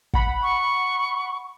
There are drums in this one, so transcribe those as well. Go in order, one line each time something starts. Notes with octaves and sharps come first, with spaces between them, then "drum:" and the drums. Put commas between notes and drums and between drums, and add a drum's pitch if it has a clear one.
F#5 B5, drum: kick
C#6